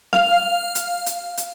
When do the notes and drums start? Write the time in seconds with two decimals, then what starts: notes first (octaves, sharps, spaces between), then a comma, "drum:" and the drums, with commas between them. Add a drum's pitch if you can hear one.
0.13 F5, drum: snare
0.75 drum: hi-hat
1.06 drum: hi-hat
1.37 drum: hi-hat